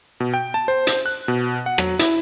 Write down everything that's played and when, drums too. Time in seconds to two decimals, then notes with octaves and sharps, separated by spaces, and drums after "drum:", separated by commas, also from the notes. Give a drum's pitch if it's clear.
0.20 B2
0.34 G5
0.54 A5
0.68 C5
0.87 drum: hi-hat
1.06 F#6
1.28 B2
1.66 F#5
1.78 F#3, drum: rim click
1.99 E4, drum: hi-hat